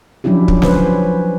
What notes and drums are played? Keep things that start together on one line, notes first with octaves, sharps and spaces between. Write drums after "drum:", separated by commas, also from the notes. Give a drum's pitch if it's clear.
F3 F#3 C#4 D4 E4 G4
drum: kick
C#4 B4 C5, drum: snare